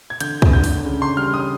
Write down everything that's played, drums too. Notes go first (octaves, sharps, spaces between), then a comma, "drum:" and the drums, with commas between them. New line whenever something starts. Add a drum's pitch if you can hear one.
G#6
D3 G6, drum: hi-hat
drum: kick
D3 G6
drum: open hi-hat
C#3
C6
G3 F6
D#6